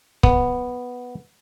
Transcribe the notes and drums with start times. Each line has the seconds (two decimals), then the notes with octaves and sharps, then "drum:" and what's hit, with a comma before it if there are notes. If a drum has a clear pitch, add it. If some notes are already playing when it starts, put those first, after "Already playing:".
0.23 B3, drum: kick